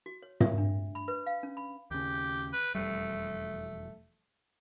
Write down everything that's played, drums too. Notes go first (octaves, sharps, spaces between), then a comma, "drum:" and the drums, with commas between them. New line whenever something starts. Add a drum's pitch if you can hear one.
F#4
C#5
E5, drum: tom
D4
B5
B4
F5
C#4
B5
D#2 C#3 G4
B4
E1 F2 G3 A3